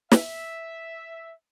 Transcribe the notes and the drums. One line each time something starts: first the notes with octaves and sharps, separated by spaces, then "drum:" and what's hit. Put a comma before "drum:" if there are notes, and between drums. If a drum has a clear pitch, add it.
E5, drum: snare